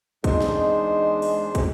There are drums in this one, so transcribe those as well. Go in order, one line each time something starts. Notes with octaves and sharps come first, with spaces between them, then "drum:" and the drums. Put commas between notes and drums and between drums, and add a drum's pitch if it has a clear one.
E2 G#3 D4 D#4 C5, drum: kick, hi-hat
drum: snare
drum: open hi-hat
drum: kick, hi-hat